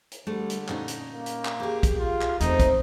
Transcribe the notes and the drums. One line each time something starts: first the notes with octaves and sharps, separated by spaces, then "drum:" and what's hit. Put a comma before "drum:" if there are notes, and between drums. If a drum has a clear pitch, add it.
drum: hi-hat
D3 G3 A3
drum: hi-hat
A#2 C#4 D#4, drum: clap
drum: hi-hat
A#3
drum: hi-hat
drum: clap
G4 G#4
drum: kick, hi-hat
F4
drum: clap
E2 A3 C4 D#4, drum: hi-hat
drum: kick, hi-hat